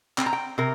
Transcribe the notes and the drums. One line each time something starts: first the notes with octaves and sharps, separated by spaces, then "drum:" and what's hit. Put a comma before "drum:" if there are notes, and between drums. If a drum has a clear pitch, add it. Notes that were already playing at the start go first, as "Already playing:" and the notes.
C4 G5, drum: clap
A#5
G5
C3 A#4